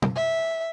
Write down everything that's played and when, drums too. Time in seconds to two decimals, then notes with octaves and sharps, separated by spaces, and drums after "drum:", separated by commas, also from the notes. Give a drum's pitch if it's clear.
0.02 drum: tom
0.16 E5